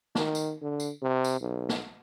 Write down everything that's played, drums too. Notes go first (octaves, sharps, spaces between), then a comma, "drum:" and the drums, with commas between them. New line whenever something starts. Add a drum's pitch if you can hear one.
D#3, drum: snare
drum: tambourine
D3
drum: tambourine
C3
drum: tambourine
B1
drum: snare